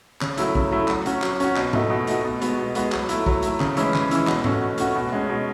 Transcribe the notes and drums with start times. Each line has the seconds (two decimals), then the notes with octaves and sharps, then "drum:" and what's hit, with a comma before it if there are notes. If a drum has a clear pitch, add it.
0.21 C#3, drum: clap
0.38 F#3 A3 E4, drum: hi-hat
0.55 C#3, drum: kick
0.71 F#3 A3 E4
0.88 F#3, drum: clap
1.06 C#4 F#4, drum: hi-hat
1.22 F#3, drum: clap
1.40 C#4 F#4, drum: hi-hat
1.56 B2, drum: clap
1.73 A3 D#4 F#4, drum: tom G#2
1.90 B2
2.07 A3 D#4 F#4, drum: hi-hat
2.25 B2
2.42 G#3 B3 F#4, drum: hi-hat
2.58 B2
2.75 G#3 B3 F#4, drum: hi-hat
2.92 F#3, drum: clap
3.09 A3 E4, drum: hi-hat
3.26 F#3, drum: kick
3.42 A3 E4, drum: hi-hat
3.60 C#3, drum: clap
3.77 E3 G#3 C#4 E4, drum: hi-hat
3.94 C#3, drum: clap
4.11 E3 G#3 C#4 E4, drum: hi-hat
4.27 B2, drum: clap
4.44 A3 C#4 F#4, drum: tom G#2
4.61 B2
4.78 A3 C#4 F#4, drum: hi-hat
4.95 B2
5.12 G#3 C#4
5.29 B2